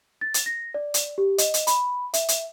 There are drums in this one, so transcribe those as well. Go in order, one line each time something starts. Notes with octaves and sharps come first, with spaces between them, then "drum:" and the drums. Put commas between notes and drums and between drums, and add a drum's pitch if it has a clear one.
A6
drum: hi-hat
A#6
D5
drum: hi-hat
G4
D#5, drum: hi-hat
drum: hi-hat
B5, drum: hi-hat
E5, drum: hi-hat
drum: hi-hat